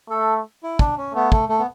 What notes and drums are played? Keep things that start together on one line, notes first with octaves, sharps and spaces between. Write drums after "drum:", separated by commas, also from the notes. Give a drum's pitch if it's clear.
A3 A4
E4
D4, drum: kick
C#4
A3 B3
A3, drum: kick
A3
B3